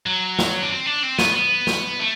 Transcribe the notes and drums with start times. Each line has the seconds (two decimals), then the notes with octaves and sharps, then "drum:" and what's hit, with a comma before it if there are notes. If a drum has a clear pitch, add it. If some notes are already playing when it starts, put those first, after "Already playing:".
0.06 F#3
0.39 drum: snare
0.62 D4
0.71 C4
0.86 D4
1.03 C4
1.19 B3, drum: snare
1.35 B3
1.67 drum: snare
1.99 A3